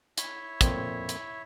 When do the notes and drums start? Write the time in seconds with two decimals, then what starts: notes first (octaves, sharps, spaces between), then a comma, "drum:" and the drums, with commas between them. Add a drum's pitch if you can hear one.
0.17 E4 C#5 E5, drum: hi-hat
0.61 F2 A#2 C4, drum: kick, hi-hat
1.09 drum: hi-hat